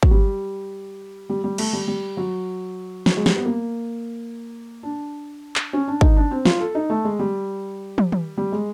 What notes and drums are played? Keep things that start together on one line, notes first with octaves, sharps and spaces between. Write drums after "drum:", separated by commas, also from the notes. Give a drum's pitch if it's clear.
F#3, drum: kick
G3
G3
G3
A3, drum: cymbal
G3
G3
F#3
F#3, drum: snare
G#3
G3, drum: snare
B3
A#3
D4
drum: clap
C#4
D4
D#4, drum: kick
D4
C4
F4, drum: snare
A4
D#4
A3
G#3
G3
drum: tom
drum: tom
G3
G#3